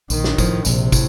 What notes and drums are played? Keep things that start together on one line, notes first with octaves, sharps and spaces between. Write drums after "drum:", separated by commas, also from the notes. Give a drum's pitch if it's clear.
A#1 D#3, drum: tambourine
drum: snare
A2 F3, drum: kick, tambourine
A#1 C3, drum: tambourine
A2, drum: kick, tambourine